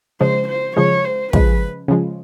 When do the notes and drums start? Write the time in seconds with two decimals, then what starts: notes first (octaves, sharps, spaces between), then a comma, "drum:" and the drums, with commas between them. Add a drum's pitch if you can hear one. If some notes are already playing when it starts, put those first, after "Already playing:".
0.20 C#3 F3 G#3 C5
0.48 C5
0.76 C#3 F3 G#3 C#5
1.04 C5
1.33 C#3 F3 G#3 B4, drum: kick
1.88 C#3 F3 G#3